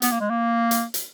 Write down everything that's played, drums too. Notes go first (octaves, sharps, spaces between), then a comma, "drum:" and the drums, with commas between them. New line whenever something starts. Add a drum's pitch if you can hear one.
B3, drum: hi-hat
A#3
G#3
A#3
drum: hi-hat
drum: hi-hat